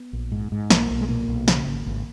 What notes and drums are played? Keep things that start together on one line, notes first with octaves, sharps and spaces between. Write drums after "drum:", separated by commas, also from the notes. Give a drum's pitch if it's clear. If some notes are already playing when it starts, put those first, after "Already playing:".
Already playing: B3
A#1
G#2
G#2
B1 A#3, drum: snare
B1
G#3
A#2 A#3
B1
C#3, drum: snare
G#1
G#1